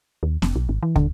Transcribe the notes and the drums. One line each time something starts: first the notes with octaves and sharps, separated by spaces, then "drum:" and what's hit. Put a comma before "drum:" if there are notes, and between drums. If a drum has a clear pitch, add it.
D#2
F1, drum: snare B3
B1
G#1
E3
D3, drum: kick